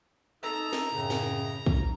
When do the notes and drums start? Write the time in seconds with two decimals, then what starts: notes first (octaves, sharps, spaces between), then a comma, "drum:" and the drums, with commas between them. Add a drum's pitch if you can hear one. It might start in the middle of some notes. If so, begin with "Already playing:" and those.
0.43 D#4 A4 A#5 E6
0.73 drum: snare
0.91 F#2 A2 C#3
1.10 drum: snare
1.66 drum: kick